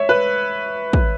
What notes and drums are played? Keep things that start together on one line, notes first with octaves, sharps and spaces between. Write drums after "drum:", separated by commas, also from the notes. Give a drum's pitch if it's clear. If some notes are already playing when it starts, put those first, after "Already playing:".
Already playing: C#5 E5
B4
drum: kick